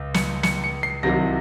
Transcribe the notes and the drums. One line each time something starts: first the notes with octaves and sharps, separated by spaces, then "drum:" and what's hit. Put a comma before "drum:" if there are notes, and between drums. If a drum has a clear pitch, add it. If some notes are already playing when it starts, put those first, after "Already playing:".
Already playing: C#2
C#7, drum: snare
C#7, drum: snare
C#7
C7
C2 C3 D#3 F#3 A#6